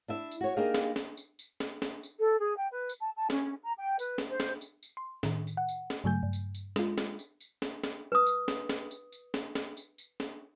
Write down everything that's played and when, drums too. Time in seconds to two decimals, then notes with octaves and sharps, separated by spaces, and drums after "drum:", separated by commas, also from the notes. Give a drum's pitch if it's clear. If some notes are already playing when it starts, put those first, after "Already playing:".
0.08 D4 E4 E5
0.31 drum: tambourine
0.41 F#4 C#5
0.57 A#3 D4 D#4 G4 G#4 F5
0.74 drum: snare
0.96 drum: snare
1.17 drum: tambourine
1.39 drum: tambourine
1.60 drum: snare
1.82 drum: snare
2.03 drum: tambourine
2.18 A4
2.39 G#4
2.57 G5
2.71 B4
2.89 drum: tambourine
3.00 A5
3.16 A5
3.30 C#4, drum: snare
3.62 A#5
3.78 G5
3.99 B4, drum: tambourine
4.18 drum: snare
4.30 C5
4.40 drum: snare
4.61 drum: tambourine
4.83 drum: tambourine
4.97 C6
5.23 A2 D#3, drum: snare
5.47 drum: tambourine
5.57 F#5
5.69 drum: tambourine
5.90 drum: snare
6.04 G2 C#3 F#3 A3 G#5 G6
6.23 G2
6.33 drum: tambourine
6.55 drum: tambourine
6.76 G#3 F4, drum: snare
6.98 drum: snare
7.19 drum: tambourine
7.41 drum: tambourine
7.62 drum: snare
7.84 drum: snare
8.12 B4 D#6
8.26 drum: tambourine
8.48 drum: snare
8.69 drum: snare
8.91 drum: tambourine
9.12 drum: tambourine
9.34 drum: snare
9.55 drum: snare
9.77 drum: tambourine
9.98 drum: tambourine
10.20 drum: snare